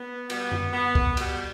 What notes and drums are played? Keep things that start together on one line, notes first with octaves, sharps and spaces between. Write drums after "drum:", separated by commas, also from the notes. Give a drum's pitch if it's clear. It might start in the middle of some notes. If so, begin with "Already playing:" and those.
Already playing: B3
B2 G3 B3, drum: cymbal
drum: tom F#2
B3
drum: kick C2
B2 G3, drum: cymbal